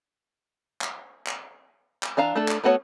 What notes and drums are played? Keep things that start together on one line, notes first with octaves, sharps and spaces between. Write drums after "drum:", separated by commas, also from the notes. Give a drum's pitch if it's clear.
drum: clap
drum: clap
drum: clap
E3 D4 F5 A#5
A3 D4 A4
drum: clap
A3 B3 F#4 B4 C#5